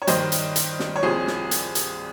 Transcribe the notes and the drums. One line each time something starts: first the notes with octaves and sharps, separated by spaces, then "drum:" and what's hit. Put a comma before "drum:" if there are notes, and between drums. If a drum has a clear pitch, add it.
C#5
G2 D#3 C5 D#5, drum: hi-hat
drum: hi-hat
drum: hi-hat
drum: snare
C#5
C2 C3 F3 G#4 C5
drum: snare
drum: hi-hat
drum: hi-hat